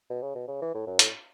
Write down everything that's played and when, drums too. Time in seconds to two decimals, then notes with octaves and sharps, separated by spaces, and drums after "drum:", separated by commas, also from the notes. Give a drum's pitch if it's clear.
0.10 B2
0.22 C#3
0.35 B2
0.48 C#3
0.62 E3
0.74 A2
0.87 F#2
0.99 A2, drum: hi-hat